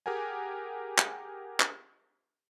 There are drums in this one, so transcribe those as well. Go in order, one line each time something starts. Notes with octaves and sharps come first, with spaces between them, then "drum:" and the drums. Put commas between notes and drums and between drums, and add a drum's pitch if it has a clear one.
G4 G#4 A#4 F#5 G#5
drum: clap
drum: clap